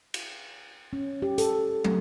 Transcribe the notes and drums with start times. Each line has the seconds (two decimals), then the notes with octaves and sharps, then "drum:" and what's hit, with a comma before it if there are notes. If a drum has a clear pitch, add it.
0.14 drum: cymbal
0.93 C#4
1.22 G4
1.38 A4, drum: hi-hat
1.84 A3, drum: tom